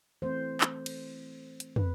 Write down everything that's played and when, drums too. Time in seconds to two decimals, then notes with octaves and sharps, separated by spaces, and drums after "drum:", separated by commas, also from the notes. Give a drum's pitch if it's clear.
0.22 E3 A3 C4 C5
0.61 drum: clap
0.86 drum: cymbal
1.60 drum: hi-hat
1.76 B4, drum: tom